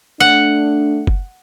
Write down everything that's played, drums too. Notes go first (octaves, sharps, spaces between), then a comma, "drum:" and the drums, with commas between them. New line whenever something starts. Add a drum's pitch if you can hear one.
A3 D4 F#5
drum: kick F#1